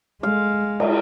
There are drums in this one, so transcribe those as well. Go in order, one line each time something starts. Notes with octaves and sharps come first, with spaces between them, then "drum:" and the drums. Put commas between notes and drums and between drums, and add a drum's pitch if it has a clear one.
G#3 F5
drum: cymbal